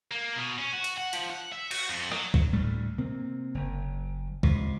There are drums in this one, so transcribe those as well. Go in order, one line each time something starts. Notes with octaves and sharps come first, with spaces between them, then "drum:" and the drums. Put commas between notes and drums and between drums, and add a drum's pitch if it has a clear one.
A#3
B2
C#4
F#4
drum: hi-hat
F#5
F3, drum: hi-hat
F#5
E5
F#4, drum: cymbal
F2
F#3, drum: rim click
drum: kick
D2 A2 G3 A3
C3 A#3 C4
F#1
C#2 C3, drum: kick